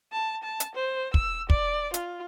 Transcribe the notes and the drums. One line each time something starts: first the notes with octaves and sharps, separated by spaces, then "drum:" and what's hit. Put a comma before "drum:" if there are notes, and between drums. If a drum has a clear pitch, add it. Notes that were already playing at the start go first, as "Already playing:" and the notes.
A5
A5
drum: hi-hat
C5
E6, drum: kick
D5, drum: kick
F4, drum: hi-hat